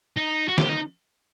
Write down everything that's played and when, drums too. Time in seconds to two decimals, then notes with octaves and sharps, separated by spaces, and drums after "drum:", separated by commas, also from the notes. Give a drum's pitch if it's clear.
0.16 D#4
0.48 F#4
0.58 G4, drum: snare
0.69 D#4